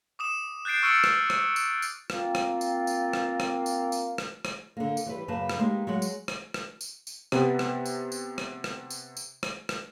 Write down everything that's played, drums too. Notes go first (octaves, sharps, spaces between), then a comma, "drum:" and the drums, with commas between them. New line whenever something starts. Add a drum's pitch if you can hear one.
D6 D#6 E7
F#6 G6 A6 C7 D7
C#6 E6 F6 A6 C#7 D7
drum: rim click
E6, drum: rim click
drum: tambourine
drum: tambourine
A#3 C4 F4, drum: rim click
drum: rim click
drum: tambourine
drum: tambourine
drum: rim click
drum: rim click
drum: tambourine
drum: tambourine
drum: rim click
drum: rim click
D3 A#3
drum: tambourine
E3 G3 B4
F#2 C#3 A#3 B4 A5
drum: rim click
G#3 A#3 D#4 G4
F#3 G#3 F#5
drum: tambourine
drum: rim click
drum: rim click
drum: tambourine
drum: tambourine
C3 B3, drum: rim click
drum: rim click
drum: tambourine
drum: tambourine
drum: rim click
drum: rim click
drum: tambourine
drum: tambourine
drum: rim click
drum: rim click